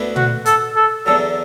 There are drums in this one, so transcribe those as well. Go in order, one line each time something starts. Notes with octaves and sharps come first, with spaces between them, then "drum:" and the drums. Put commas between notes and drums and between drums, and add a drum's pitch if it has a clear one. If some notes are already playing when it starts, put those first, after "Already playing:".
Already playing: D2 D3 B3 E4
F#4, drum: tom A#2
A4, drum: hi-hat
A4
E2 D3 F#3 A4